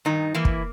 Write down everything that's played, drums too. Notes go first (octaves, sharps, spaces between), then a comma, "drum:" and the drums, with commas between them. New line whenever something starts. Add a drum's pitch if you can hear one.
G2 D#3 D#4
E3 A#3 E4
drum: kick